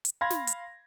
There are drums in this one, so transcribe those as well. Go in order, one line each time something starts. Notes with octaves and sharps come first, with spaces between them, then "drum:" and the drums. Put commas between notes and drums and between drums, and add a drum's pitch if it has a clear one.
drum: hi-hat
F5 B5 C6 G#6 A#6
drum: snare
drum: hi-hat